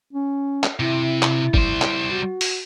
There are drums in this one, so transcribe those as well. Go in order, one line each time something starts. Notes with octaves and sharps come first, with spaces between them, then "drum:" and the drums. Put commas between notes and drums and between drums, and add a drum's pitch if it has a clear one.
C#4
drum: clap
C3 E4
drum: clap
G3 C5, drum: kick
drum: clap
F#4
drum: open hi-hat